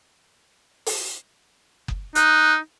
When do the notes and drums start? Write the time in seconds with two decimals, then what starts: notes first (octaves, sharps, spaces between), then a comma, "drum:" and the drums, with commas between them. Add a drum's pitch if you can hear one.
0.86 drum: open hi-hat
1.88 drum: kick F#1
2.15 D#4 F#6, drum: hi-hat